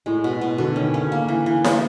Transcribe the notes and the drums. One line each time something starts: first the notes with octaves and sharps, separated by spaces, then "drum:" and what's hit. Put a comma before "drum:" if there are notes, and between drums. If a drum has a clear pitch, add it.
A2 G#3
B2
A2
B2
B2 D3
D#3 C#4
C#3 C#4
A#3
E3
E3
A#3, drum: snare E4